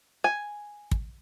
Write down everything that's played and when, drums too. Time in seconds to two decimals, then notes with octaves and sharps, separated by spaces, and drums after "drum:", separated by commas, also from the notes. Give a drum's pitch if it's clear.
0.24 G#5
0.91 drum: kick